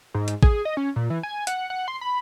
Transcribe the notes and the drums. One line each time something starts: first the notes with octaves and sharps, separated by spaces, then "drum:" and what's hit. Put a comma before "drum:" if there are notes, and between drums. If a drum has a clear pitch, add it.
G#2
drum: hi-hat
G#4, drum: kick
D#5
C#4
A#2
E3
G#5
F#5, drum: hi-hat
F#5
C6
B5